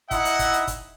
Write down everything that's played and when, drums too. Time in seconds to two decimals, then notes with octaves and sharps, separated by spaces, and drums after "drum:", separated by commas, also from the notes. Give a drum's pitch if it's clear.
0.11 D#4 E4 D#5 E5 F#5, drum: kick, hi-hat
0.25 drum: hi-hat
0.39 drum: kick, hi-hat
0.53 drum: hi-hat
0.67 drum: kick, hi-hat